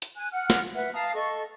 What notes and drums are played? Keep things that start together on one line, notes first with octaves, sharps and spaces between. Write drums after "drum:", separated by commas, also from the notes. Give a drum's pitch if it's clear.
drum: hi-hat
G#5 F#6
F#5 F6
drum: snare
B4 E5 F#5
F5 A5 A#5 D#6
A4 D#5 C#6